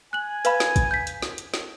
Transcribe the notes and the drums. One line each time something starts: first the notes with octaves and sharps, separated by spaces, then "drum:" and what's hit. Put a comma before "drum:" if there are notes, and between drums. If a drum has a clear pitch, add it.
G#5 F#6 F#7
B4 F5 B5, drum: hi-hat
drum: snare
drum: kick, hi-hat
G6 B6
drum: hi-hat
drum: snare
drum: hi-hat
drum: snare